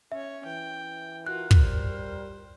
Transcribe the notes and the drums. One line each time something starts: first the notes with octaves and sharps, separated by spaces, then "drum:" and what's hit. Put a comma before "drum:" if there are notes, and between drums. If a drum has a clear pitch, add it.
C#4 C#5 E5
E3 G5
F4 F#4 A#4 F#6
drum: kick
G3 C5